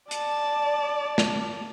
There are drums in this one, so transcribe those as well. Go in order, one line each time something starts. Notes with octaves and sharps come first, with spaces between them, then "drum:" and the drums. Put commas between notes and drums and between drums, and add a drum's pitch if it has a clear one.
D5 A5, drum: hi-hat
drum: snare